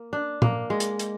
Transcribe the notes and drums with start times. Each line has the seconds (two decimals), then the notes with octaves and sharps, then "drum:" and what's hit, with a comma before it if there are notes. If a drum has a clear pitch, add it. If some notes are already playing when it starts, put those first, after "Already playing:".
Already playing: A#3
0.13 D4
0.42 A#3, drum: tom A#2
0.70 G#3
0.80 drum: hi-hat
0.99 drum: hi-hat